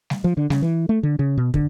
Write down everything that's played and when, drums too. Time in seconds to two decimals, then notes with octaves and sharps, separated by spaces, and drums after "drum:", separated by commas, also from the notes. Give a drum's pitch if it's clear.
0.10 drum: snare G3
0.24 F3
0.37 D3
0.50 C#3, drum: snare G3
0.62 E3
0.89 A3
1.03 D3
1.19 C#3
1.37 B2
1.54 D3, drum: kick